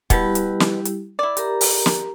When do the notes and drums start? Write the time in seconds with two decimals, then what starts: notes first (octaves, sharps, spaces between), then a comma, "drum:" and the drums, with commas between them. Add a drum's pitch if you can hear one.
0.10 B2 G3 E4 G4 B4, drum: kick, hi-hat
0.35 drum: hi-hat
0.60 drum: snare
0.85 drum: hi-hat
1.19 E4 D5
1.37 G4 A#4 A#5, drum: hi-hat
1.61 drum: open hi-hat
1.86 drum: snare